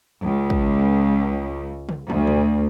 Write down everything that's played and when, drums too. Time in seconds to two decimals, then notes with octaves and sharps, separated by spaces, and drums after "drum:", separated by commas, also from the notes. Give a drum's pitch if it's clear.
0.22 C#2
0.50 drum: kick
1.89 drum: tom
2.10 D2, drum: tom
2.27 drum: tom